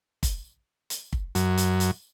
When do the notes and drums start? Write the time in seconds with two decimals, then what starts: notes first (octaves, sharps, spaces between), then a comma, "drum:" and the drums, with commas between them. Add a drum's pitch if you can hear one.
0.23 drum: kick, hi-hat
0.90 drum: hi-hat
1.13 drum: kick
1.35 F#2, drum: hi-hat
1.57 drum: hi-hat
1.80 drum: hi-hat